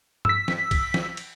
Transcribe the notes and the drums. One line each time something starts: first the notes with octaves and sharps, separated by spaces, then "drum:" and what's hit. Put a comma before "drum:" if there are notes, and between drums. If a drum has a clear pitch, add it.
E6 B6, drum: tom G2
drum: snare
drum: kick B1, cymbal
drum: snare
drum: cymbal